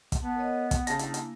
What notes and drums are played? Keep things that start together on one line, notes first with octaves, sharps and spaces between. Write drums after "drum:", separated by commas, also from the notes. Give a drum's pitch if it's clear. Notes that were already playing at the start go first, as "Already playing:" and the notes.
drum: kick, hi-hat
B3 A5
A#4 C#5 D#5
G5, drum: kick, hi-hat
C#3 A5 A#6, drum: hi-hat
A#3 D4 E4, drum: hi-hat
drum: hi-hat